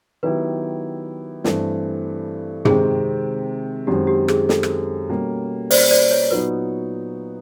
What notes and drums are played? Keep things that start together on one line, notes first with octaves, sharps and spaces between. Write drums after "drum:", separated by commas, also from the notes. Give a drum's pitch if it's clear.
D#3 F#3 B3 E4 G4 B4
G2 E3 A3 C4, drum: snare
C3 D#3 G#3 C4 G#4, drum: tom
F#2 D#3 G#3 C4 G4
G4
G#4, drum: rim click
A4, drum: snare
drum: rim click
B2 G3 A#3 C#4
C5 D5, drum: open hi-hat
C5 D5
C#5
A#2 F#3 B3 D#4 F#4 B4